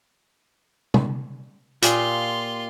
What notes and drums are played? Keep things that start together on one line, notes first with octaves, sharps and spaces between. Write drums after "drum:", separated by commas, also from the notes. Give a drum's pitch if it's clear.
drum: tom C3
A#2 F4 G4 G#5 C6 D#6, drum: hi-hat